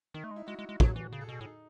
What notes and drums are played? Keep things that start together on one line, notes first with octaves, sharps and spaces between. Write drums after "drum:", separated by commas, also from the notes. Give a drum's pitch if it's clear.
D#3 D#4
A3
G#3
E4
G#3 F#4
G#3
G#3
F#3, drum: kick
E3
C#3 G#4
A4
B2 G#4
A2
D#4